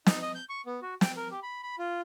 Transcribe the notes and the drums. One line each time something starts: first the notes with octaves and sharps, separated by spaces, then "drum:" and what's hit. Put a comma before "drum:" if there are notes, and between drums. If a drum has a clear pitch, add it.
D#4, drum: snare
D#5
G6
C#6
B3
F#4
G5, drum: snare
A#4
G4
B5
B5
F4